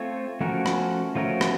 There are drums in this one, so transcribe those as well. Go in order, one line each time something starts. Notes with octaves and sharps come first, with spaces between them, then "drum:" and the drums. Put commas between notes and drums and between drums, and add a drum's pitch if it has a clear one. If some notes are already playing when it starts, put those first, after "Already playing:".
Already playing: A3 C4 F4 A4 C#5
F3 A3 C#4 F#4 A#4
drum: rim click
F3 A3 C#4 F#4 A#4
drum: rim click